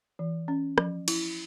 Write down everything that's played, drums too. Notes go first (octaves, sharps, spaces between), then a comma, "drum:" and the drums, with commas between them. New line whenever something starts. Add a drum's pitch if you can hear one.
E3
C#4
F3, drum: rim click
E4, drum: cymbal